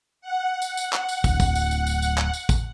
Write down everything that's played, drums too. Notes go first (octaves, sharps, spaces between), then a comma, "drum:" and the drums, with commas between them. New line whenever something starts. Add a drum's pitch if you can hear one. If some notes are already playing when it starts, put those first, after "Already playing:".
F#5
drum: tambourine
drum: tambourine
drum: clap
drum: tambourine
D1, drum: kick, tambourine
drum: kick, tambourine
drum: tambourine
drum: tambourine
drum: tambourine
drum: tambourine
drum: clap
drum: tambourine
drum: kick, tambourine